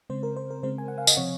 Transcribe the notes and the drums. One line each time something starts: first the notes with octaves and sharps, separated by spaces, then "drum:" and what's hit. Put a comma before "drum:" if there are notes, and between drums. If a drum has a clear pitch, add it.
C#3 G#3 C4 C5
A#4
C5
A#4
C#3 G#3 C4 C5
G#5
F#5
F5
D#5, drum: tambourine
C3 F3 C4 C#5